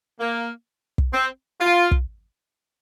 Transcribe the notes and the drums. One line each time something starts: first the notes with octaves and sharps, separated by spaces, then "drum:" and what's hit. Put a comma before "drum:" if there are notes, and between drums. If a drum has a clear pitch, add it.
A#3
drum: kick
C4
F4
drum: kick